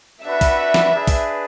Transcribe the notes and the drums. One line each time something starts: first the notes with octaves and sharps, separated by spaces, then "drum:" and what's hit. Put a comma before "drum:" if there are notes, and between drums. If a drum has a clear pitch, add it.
D4 F#4 B4 E5 F#5
drum: kick, open hi-hat
drum: snare
D4 G#4 B4
drum: kick, open hi-hat